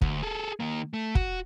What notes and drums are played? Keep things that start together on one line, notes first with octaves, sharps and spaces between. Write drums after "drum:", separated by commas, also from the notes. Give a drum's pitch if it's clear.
D2, drum: kick
G#4 A4
D#3 A#3
A3
F#4, drum: kick